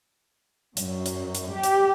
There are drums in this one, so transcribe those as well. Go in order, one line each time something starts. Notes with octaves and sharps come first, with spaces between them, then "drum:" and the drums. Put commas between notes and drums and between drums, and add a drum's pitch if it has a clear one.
F#2, drum: hi-hat
drum: hi-hat
drum: hi-hat
G4
drum: hi-hat